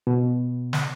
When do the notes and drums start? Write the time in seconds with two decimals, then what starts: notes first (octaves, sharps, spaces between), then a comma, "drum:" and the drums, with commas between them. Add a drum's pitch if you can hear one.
0.07 B2
0.73 drum: snare